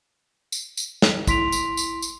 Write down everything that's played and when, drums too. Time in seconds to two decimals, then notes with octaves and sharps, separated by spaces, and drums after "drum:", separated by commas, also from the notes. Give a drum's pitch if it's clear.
0.52 drum: tambourine
0.77 drum: tambourine
1.02 drum: snare
1.27 E4 C6 B6 D7 F7, drum: kick, tambourine
1.52 drum: tambourine
1.77 drum: tambourine
2.02 drum: tambourine